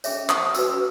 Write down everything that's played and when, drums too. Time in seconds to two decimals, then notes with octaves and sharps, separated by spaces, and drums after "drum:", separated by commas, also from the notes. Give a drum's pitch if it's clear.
0.04 C#4 G#4 C#5 E5, drum: tambourine
0.30 D#6, drum: clap
0.55 C#4 F#4 B4 E6, drum: tambourine